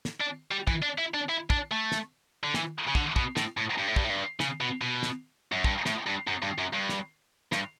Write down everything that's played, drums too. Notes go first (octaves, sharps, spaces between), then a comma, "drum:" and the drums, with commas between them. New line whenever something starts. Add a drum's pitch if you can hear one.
drum: snare
D4
G3
E3, drum: kick
D4
E4
D4
E4
D4, drum: kick
A3
drum: snare
D3
E3, drum: snare
C#3
D3, drum: kick
B2, drum: kick
A2, drum: snare
A2
G2
A2
G2, drum: kick
A2
G2
C#3, drum: snare
B2
B2
drum: snare
F#2
G2, drum: kick
A2, drum: snare
G2
F#2
G2
F#2
G2
drum: snare
G2, drum: snare